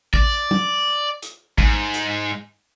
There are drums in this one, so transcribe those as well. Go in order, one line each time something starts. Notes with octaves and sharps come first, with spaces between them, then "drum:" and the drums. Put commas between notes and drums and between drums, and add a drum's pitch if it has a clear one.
D5, drum: kick
drum: tom
drum: hi-hat
G#2, drum: kick
drum: hi-hat